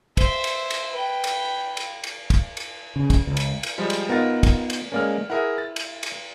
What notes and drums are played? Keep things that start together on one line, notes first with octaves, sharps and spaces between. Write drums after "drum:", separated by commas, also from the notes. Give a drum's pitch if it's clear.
C5 E5, drum: kick, cymbal
drum: cymbal
drum: cymbal
B4 G5
drum: cymbal
drum: cymbal
drum: cymbal
drum: kick, cymbal
drum: cymbal
C#3
drum: kick, cymbal
C#2
drum: cymbal
drum: cymbal
F3 G3 G#3
drum: cymbal
B3 D#4 F4 A#4 A6
drum: kick, cymbal
drum: cymbal
G#3 A#3 C#4 A#4 D5 F6
E4 G#4 A#4 E5 F#5
A6
drum: cymbal
drum: cymbal